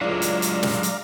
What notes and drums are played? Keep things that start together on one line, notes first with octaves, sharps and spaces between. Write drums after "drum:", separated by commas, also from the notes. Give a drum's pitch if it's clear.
C#2 A2 F#3 G#3 D4 D5 F5 A#5
drum: hi-hat
drum: hi-hat
drum: snare
drum: hi-hat